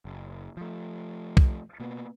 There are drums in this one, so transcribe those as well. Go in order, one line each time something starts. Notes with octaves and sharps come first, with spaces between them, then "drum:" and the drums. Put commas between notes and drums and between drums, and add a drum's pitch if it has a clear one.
F#1
F3 A3
drum: kick
B2 A#3 B3